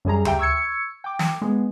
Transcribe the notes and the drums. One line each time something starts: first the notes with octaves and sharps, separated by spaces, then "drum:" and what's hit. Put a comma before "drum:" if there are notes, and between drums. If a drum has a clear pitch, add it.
F#2 G3 G#4 A#5
G4 E5 G5 A#5, drum: tom D2
C#6 E6 G#6 C#7
G5 D6
drum: snare
G#3 B3